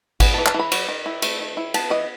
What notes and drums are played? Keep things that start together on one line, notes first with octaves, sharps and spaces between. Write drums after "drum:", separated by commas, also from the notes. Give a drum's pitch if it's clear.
B3 G#5, drum: kick G#1, cymbal
A5
E3
A5, drum: clap
E3 B5
F#3, drum: cymbal
D#3
E4
A3, drum: cymbal
D#3
E4
B3 A5, drum: cymbal
E3 D#5